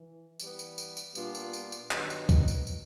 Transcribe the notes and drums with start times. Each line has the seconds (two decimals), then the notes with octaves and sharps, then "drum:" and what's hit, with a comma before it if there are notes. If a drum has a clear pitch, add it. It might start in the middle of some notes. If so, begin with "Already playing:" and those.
Already playing: E3
0.39 E3 G3 B3, drum: tambourine
0.59 drum: tambourine
0.78 drum: tambourine
0.97 drum: tambourine
1.15 A#2 G3 B3 D4 F4, drum: tambourine
1.35 drum: tambourine
1.53 drum: tambourine
1.72 drum: tambourine
1.91 G2 D#3 F#3 B3 D#4, drum: clap
2.10 drum: tambourine
2.29 drum: kick, tambourine
2.48 drum: tambourine
2.67 drum: tambourine